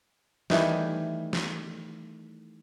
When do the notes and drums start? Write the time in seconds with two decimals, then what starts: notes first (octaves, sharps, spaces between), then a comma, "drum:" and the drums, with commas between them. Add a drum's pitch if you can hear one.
0.50 D#3 E3 G3 A3, drum: snare
1.33 drum: snare